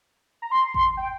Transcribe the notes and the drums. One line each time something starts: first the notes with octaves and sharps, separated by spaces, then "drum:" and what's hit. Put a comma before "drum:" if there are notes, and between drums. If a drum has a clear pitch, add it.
A#5
C6
drum: kick G#1
G5